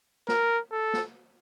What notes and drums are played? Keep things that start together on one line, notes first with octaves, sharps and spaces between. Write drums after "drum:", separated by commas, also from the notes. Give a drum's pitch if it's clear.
A#4, drum: snare
A4
drum: snare